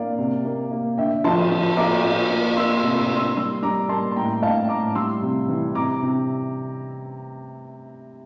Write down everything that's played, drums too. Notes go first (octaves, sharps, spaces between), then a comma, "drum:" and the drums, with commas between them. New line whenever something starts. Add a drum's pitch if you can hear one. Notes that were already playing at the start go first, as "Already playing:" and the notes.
Already playing: A#3 D5 F5
C3
A#3
A#3
D3 E5 G5
F3 A5 C6, drum: cymbal
F3
A#2 A#5 D6, drum: cymbal
A#2
A#3
A#3 C6 E6
C6 E6
C3
C6 E6
A#3
C6 E6
G3 C6 E6
G3 A#5 D6
A#3 A5 C6
C6
A2 G5 A#5
A2 F5 A5
A2 A#5 D6
G3 C6 E6
C3
E3
C3 A#5 D6
C3